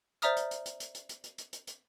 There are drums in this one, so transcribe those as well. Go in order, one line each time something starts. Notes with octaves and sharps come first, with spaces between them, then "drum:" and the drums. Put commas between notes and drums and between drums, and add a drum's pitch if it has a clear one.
C5 D5 E5 A#5 D#6 F6, drum: hi-hat
drum: hi-hat
drum: hi-hat
drum: hi-hat
drum: hi-hat
drum: hi-hat
drum: hi-hat
drum: hi-hat
drum: hi-hat
drum: hi-hat
drum: hi-hat